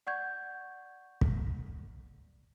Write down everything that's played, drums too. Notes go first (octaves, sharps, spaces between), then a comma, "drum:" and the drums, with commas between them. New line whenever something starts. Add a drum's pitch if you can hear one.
D5 F#5 C#6 G6 G#6
drum: kick